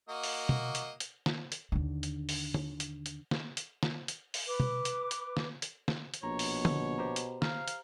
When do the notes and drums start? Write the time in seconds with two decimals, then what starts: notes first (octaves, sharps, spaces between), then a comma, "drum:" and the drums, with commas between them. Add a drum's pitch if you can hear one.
0.09 A#3 F#4 D#5
0.23 drum: open hi-hat
0.49 drum: tom
0.75 drum: hi-hat
1.00 drum: hi-hat
1.26 drum: snare
1.52 drum: hi-hat
1.72 D#2 D3
2.03 drum: hi-hat
2.29 drum: open hi-hat
2.54 drum: tom
2.80 drum: hi-hat
3.06 drum: hi-hat
3.31 drum: snare
3.57 drum: hi-hat
3.83 drum: snare
4.08 drum: hi-hat
4.34 drum: open hi-hat
4.45 B4 D6
4.60 drum: tom
4.85 drum: hi-hat
5.11 drum: hi-hat
5.37 drum: snare
5.62 drum: hi-hat
5.88 drum: snare
6.14 drum: hi-hat
6.23 A#1 B2 C#5 A#5
6.39 drum: open hi-hat
6.65 drum: tom D3
6.98 G4 C5 A#5
7.16 drum: hi-hat
7.42 F5 A#5, drum: snare
7.68 drum: hi-hat